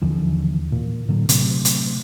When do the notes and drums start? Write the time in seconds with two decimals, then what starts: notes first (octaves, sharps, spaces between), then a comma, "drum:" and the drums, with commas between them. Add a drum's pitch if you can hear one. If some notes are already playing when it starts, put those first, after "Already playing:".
0.02 D#2 D3 E3 F3
0.72 A#2
1.09 A2 D3 F#3
1.29 C3 F#3 A3, drum: hi-hat
1.65 drum: hi-hat